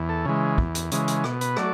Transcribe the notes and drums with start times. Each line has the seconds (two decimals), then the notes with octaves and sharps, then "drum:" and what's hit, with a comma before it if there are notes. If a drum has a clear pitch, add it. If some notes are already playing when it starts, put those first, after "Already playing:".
Already playing: E2
0.09 A4
0.25 C#3 E3 G#3
0.58 E2, drum: kick
0.75 drum: hi-hat
0.92 C#3 E3 G#3, drum: hi-hat
1.08 drum: hi-hat
1.24 B2, drum: rim click
1.41 B4, drum: hi-hat
1.57 F#3 A3 D5, drum: rim click